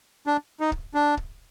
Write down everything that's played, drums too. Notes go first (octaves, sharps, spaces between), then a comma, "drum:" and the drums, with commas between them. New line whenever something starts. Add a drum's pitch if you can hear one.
D4
D#4
drum: kick C#1
D4
drum: kick C#1